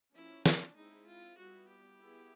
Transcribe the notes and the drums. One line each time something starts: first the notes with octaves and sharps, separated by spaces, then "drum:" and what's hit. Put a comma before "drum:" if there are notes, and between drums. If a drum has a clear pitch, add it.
F3 A#3 C#4 E4
D4, drum: snare
G#3 C4 D#4 E4
F4
G3 B3 E4 F#4
G4
B3 E4 G#4